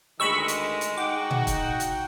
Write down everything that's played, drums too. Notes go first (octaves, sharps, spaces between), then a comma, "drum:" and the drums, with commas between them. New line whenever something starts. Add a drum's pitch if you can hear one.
D2 D#3 G#3 D#5 B5 C#6 E6
drum: hi-hat
drum: hi-hat
D#4 F#4 F#5 G5 D6
drum: tom A#2
drum: kick, hi-hat
drum: hi-hat